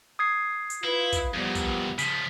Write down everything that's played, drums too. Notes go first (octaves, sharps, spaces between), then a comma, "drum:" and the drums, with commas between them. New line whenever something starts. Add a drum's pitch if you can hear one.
D#6 G#6 C7
drum: hi-hat
E4 F4 B4
drum: kick, hi-hat
E2 A#2 F3 G3 B3
drum: kick, hi-hat
C#3 F3 B6, drum: hi-hat